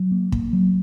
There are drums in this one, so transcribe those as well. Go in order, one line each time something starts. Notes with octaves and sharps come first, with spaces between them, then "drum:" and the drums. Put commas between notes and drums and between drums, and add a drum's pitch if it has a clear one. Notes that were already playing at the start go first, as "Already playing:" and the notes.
Already playing: F#3
A#3
A#3, drum: kick
F#3